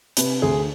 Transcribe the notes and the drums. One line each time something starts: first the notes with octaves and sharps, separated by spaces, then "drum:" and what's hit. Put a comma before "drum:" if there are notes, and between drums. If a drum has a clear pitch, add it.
C3 B4, drum: hi-hat
D2 G#4